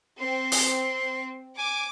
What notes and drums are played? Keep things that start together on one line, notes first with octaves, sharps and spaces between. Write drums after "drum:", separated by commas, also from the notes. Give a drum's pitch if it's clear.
C4 C6
drum: open hi-hat
G#5 D6